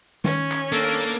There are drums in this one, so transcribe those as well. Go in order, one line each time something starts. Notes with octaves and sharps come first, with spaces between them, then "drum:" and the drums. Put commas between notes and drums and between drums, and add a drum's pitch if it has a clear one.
D#3 C#4, drum: snare
drum: clap
A#3 D4 A4